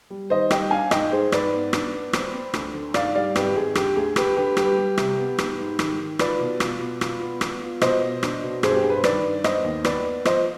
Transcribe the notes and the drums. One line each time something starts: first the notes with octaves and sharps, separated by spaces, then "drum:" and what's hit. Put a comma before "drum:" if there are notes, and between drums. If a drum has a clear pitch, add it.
G3
D#3 C5 D#5
G3 D#5 G5, drum: rim click
D4 F5 G#5
G#2 D#5 G5, drum: rim click
G#2 G#4 C5
G#2 B4 D5, drum: rim click
B3
D4, drum: rim click
B3
C4, drum: rim click
C4
D2, drum: rim click
D3
G#2 D5 F5, drum: rim click
G3 D5 F5
G#1 G4 B4, drum: rim click
G#1 G#4
D3 G4, drum: rim click
D2 G#4
D2 G4 B4, drum: rim click
D3 G4 B4
G3 G4 B4, drum: rim click
G3
C3, drum: rim click
B3
G#2, drum: rim click
G#2
D#3, drum: rim click
D#3
F4 B4 D5, drum: rim click
B2
F4, drum: rim click
B2
F4, drum: rim click
B3
B3, drum: rim click
F4
B2 C5 D#5, drum: rim click
B2
D4, drum: rim click
B2
G2 G#4 C5, drum: rim click
G4
G2 G#4
B4
C5
D#3 B4 D5, drum: rim click
G2
B3 C5 D#5, drum: rim click
D#2
B3 B4 D5, drum: rim click
B3
F3 C5 D#5, drum: rim click